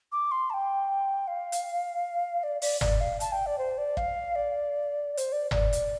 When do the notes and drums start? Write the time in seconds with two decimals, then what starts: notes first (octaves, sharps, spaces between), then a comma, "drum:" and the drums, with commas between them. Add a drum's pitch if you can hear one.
0.12 D6
0.31 C6
0.50 A5
0.54 G5
1.27 F5
1.52 drum: hi-hat
2.43 D5
2.62 D5, drum: open hi-hat
2.81 D5, drum: tom G1
3.01 F5
3.20 A5, drum: hi-hat
3.32 G5
3.46 D5
3.58 C5
3.78 D5
3.97 F5, drum: kick
4.35 D5
5.13 D5
5.17 C5, drum: hi-hat
5.32 D5
5.51 D5, drum: tom G1
5.73 drum: hi-hat